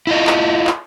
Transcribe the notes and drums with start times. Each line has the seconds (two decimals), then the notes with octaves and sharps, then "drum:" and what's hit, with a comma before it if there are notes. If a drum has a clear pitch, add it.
0.07 E4 F4 D#5
0.27 drum: clap
0.67 drum: clap